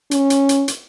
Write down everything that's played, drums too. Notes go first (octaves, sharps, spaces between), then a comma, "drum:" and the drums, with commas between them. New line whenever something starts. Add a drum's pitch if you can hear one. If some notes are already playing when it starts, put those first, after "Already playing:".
C#4, drum: hi-hat
drum: hi-hat
drum: hi-hat
drum: hi-hat